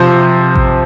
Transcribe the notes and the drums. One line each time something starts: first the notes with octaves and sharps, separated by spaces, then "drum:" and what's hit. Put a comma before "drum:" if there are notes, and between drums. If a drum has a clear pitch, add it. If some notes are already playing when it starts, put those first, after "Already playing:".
Already playing: C3 F3 C5
drum: kick A1